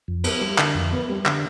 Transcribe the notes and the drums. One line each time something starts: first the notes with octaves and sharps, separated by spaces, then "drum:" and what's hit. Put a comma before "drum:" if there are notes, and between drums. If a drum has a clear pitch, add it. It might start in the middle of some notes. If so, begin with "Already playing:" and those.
F2
B3, drum: cymbal
G3
D3, drum: clap
F2
B3
G3
D3, drum: clap